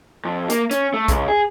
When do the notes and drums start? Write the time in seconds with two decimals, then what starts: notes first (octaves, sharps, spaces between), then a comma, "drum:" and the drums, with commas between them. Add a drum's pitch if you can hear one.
0.25 F2
0.50 A#3, drum: hi-hat
0.71 C#4, drum: hi-hat
0.94 A3
1.08 C#2, drum: kick B1, hi-hat
1.28 G#4